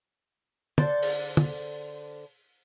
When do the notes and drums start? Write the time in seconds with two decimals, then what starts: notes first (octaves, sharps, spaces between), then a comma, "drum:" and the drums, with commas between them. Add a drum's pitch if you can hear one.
0.78 D3 D4 A4 C5, drum: tom
1.03 drum: open hi-hat
1.37 drum: tom